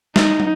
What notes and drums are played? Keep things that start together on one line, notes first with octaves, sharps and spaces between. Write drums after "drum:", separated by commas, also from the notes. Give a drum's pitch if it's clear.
D#4, drum: snare G#3
drum: tom